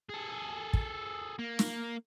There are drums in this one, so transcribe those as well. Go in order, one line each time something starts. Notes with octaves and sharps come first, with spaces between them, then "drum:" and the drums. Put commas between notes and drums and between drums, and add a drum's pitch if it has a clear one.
G#4 A4
drum: kick
A#3
drum: snare